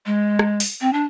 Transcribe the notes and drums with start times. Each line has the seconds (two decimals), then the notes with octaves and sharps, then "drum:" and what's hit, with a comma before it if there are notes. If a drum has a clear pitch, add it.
0.06 G#3
0.39 drum: rim click
0.60 drum: open hi-hat
0.81 C4
0.93 D4